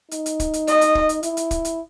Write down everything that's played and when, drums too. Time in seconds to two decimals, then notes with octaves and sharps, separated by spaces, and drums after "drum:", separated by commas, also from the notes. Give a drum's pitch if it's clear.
0.11 D#4, drum: hi-hat
0.26 drum: hi-hat
0.40 drum: kick, hi-hat
0.53 drum: hi-hat
0.67 D#5, drum: hi-hat
0.81 drum: hi-hat
0.95 drum: kick
1.09 drum: hi-hat
1.23 E4, drum: hi-hat
1.37 drum: hi-hat
1.51 drum: kick, hi-hat
1.65 drum: hi-hat